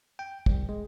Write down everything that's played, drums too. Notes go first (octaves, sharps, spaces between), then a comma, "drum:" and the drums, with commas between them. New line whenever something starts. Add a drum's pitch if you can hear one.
G5
C2, drum: kick
G#3